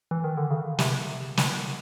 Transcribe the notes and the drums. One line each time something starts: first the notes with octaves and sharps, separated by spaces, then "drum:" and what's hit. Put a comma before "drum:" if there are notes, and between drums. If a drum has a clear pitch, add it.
E3
D#3
D3
C#3
C3, drum: snare
drum: snare